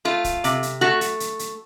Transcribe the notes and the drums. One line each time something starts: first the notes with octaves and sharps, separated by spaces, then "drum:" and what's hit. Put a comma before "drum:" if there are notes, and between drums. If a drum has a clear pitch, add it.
A3 F4
drum: kick, hi-hat
C3, drum: hi-hat
drum: hi-hat
A3 F#4
drum: hi-hat
drum: hi-hat
drum: hi-hat